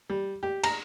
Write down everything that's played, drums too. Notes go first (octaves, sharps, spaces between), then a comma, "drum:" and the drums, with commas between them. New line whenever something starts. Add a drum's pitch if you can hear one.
G3
G4
A#5, drum: cymbal